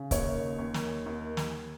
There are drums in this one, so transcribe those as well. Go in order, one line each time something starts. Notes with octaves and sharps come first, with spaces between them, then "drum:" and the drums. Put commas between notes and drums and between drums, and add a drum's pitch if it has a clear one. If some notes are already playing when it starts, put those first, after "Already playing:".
Already playing: C#3
D#2 C#5, drum: kick C#1, hi-hat
D#2
drum: snare
D#2
drum: snare